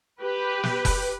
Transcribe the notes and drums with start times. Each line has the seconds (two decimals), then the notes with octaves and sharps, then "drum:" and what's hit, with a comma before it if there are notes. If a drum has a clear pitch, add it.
0.21 G4 B4
0.63 drum: snare
0.85 drum: kick F1, open hi-hat